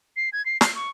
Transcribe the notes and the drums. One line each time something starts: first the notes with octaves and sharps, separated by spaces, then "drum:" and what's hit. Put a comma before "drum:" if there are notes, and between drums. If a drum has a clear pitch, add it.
C7
G#6
C7
C7, drum: snare
C#6